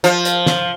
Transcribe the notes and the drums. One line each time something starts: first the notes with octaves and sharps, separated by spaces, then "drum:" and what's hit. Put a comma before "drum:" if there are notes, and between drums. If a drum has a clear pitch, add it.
F3, drum: hi-hat
drum: hi-hat
drum: snare